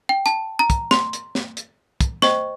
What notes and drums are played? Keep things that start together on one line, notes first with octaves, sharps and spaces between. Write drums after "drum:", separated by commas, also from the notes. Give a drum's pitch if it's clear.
G5
A5, drum: hi-hat
A#5
drum: kick, hi-hat
C6, drum: snare
drum: hi-hat
drum: snare
drum: hi-hat
drum: kick, hi-hat
C5 D#5 G5 C#6, drum: snare